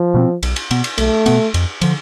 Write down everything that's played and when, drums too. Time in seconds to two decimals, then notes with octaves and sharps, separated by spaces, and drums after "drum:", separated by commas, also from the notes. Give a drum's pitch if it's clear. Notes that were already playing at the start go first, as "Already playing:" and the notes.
Already playing: F3
0.14 B2 A3 C4
0.43 B1, drum: cymbal
0.56 drum: cymbal
0.71 B2 B3, drum: cymbal
0.84 drum: cymbal
0.98 B1 A3, drum: cymbal
1.26 B2 B3, drum: cymbal
1.54 F2, drum: cymbal
1.81 D3 F3, drum: cymbal